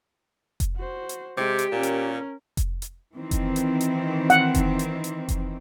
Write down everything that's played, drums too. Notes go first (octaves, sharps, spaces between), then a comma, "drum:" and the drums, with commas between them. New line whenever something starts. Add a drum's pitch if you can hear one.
drum: kick F1, hi-hat
F#4 C5
drum: hi-hat
C3 G#3 G4
drum: hi-hat
A#2 C#4 A#4
drum: hi-hat
drum: kick F1, hi-hat
drum: hi-hat
D#3 E3 C4
drum: kick F1, hi-hat
drum: hi-hat
drum: hi-hat
F#5, drum: hi-hat
drum: kick F1, hi-hat
drum: hi-hat
drum: hi-hat
drum: kick F1, hi-hat